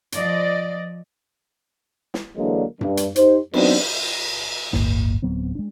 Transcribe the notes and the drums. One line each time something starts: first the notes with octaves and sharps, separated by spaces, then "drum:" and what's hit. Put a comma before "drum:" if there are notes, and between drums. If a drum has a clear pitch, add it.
F3 D5 D#5, drum: hi-hat
drum: snare
D3 E3 F#3 G#3 A#3 D4
G2, drum: tom F#2
drum: hi-hat
D#4 G4 C5, drum: hi-hat
E3 F#3 B3 C4 D4 D#4, drum: cymbal
D1 G1 A#3, drum: snare
D1 F#3 B3 C4
G#3 D4